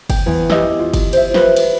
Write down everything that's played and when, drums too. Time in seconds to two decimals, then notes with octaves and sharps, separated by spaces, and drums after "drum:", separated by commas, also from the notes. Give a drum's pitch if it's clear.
0.10 G5, drum: kick F#1, cymbal
0.26 E2
0.50 G4 D#5 E6, drum: snare
0.79 F4
0.93 drum: kick F#1, cymbal
1.13 C5 E5, drum: cymbal
1.34 F4 B4, drum: snare
1.56 drum: cymbal